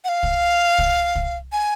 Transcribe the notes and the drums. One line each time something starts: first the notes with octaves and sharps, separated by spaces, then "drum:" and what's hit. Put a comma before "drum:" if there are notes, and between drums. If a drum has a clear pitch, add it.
F#5
F5
drum: kick
drum: kick
drum: kick
G#5